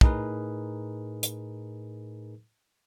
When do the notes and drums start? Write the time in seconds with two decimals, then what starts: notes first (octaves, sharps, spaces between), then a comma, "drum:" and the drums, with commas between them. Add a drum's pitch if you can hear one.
0.01 A2 D#4 G#4 A#4 B4, drum: kick
1.23 drum: hi-hat